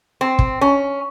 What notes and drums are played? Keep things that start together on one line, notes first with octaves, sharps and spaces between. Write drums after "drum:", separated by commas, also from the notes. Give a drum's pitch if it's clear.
C4
drum: kick
C#4